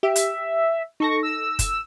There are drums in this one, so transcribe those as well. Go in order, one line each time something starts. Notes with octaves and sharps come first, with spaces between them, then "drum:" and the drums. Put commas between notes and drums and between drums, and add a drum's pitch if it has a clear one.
G4 E5
drum: hi-hat
D#4 A4 C#6 A#6
E6
drum: kick F#1, hi-hat